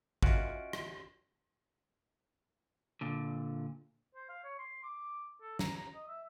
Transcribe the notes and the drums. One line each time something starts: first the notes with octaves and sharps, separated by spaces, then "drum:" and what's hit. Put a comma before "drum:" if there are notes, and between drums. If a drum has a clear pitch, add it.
C#4 F4 F#4 D#5 E5 D7, drum: kick
drum: rim click
A#2 D3
C5
F5
C#5
C6
D6
A4
A#5, drum: snare
A#5
D#5
E5